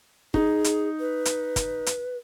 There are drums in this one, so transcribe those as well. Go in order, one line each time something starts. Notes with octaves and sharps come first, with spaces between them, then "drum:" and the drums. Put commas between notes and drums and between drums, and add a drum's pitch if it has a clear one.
D#4 G#4, drum: kick
drum: hi-hat
B4
drum: hi-hat
drum: kick, hi-hat
drum: hi-hat